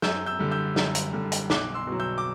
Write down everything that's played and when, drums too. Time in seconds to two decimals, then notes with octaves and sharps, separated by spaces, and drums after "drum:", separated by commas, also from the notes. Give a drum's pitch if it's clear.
0.02 F#2 E6 G6, drum: snare
0.26 E6 G6
0.39 D3 G3
0.51 E6 G6
0.76 F#2 E6 G6, drum: snare
0.95 drum: hi-hat
1.13 D3 G3
1.32 drum: hi-hat
1.50 B1 D6 F#6, drum: snare
1.74 C6 E6
1.87 B2 F#3
2.00 E6 G6
2.18 D6